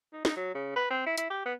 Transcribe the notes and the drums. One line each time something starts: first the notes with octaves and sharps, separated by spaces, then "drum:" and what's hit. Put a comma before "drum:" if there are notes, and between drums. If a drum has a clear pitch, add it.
D#4
D#4, drum: snare
F#3
C#3
B4
C4
E4
E4, drum: hi-hat
G4
B3